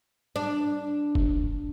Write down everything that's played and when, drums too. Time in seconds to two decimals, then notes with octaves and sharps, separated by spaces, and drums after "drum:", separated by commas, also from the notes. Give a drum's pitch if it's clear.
0.36 D4
1.15 drum: kick